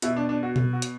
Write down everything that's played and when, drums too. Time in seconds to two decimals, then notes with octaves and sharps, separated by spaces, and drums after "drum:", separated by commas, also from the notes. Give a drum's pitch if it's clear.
0.02 B2 E4, drum: hi-hat
0.16 D4
0.29 D4
0.43 F#4
0.56 drum: tom B2
0.73 F#4
0.82 drum: hi-hat